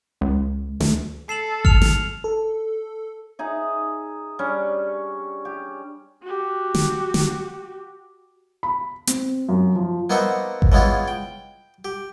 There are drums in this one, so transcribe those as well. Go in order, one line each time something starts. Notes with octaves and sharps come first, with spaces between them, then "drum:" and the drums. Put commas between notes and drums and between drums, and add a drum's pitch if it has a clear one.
C#2
D2, drum: snare
A4 C7 E7 F#7
F6 C#7 F7, drum: kick G#1
drum: snare
A4
D#4 G#4 E5
G3 C#4 D4
G4
F#4 G4
drum: snare
drum: snare
B5
C4, drum: hi-hat
F#2
F3
A#3 B3 D#4 C5 E5 F#5
drum: kick G#1
C#3 E3 G#3 B3 F4
G5
G4